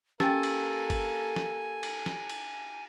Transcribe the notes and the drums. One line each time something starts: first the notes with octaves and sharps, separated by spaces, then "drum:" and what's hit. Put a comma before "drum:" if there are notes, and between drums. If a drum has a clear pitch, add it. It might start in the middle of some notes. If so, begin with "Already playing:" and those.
A#3 C#4 G4 A4 G5 G#5 E6 A6, drum: snare
drum: cymbal
drum: kick, cymbal
drum: snare
drum: cymbal
drum: snare
drum: cymbal